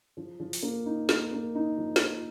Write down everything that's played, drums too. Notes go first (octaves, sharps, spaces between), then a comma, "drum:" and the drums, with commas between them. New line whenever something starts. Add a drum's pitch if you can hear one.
F3
F3
drum: open hi-hat
A#3
D#4
A#3, drum: snare
A#3
D#4
F3
drum: snare